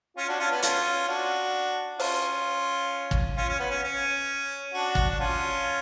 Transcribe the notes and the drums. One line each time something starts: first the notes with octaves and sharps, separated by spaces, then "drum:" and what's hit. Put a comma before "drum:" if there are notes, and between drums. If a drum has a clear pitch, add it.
C#4 F4
D4 F#4
C#4 F4
B3 D4
C#4 F4, drum: hi-hat
D4 F#4
C#4 F4, drum: open hi-hat
drum: kick
C#4 F4
C#4
B3
C#4
C#4
D4 F#4
drum: kick
F#4
C#4 F4